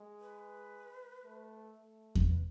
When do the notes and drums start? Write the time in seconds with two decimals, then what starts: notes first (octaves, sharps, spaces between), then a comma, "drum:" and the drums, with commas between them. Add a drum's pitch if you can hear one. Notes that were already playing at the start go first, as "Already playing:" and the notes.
Already playing: G#3
0.21 B4
1.25 A3
1.77 A3
2.15 drum: kick E2
2.29 B4